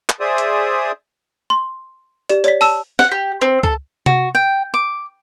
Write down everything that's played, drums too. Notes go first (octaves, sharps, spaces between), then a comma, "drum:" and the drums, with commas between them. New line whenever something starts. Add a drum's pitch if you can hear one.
drum: clap
G#4 C5 D5 E5 D#6
drum: hi-hat
C6
G4 D5, drum: hi-hat
C#5 D5 B6, drum: hi-hat
A5 E6 E7, drum: open hi-hat
F#5, drum: snare
G4
C4
A4, drum: kick C#2
F#4, drum: tom C3
G5
D6